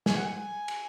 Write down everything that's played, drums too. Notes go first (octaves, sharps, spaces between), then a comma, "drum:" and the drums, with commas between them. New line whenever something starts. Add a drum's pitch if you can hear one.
G#5, drum: snare
F#5
G#5
drum: cymbal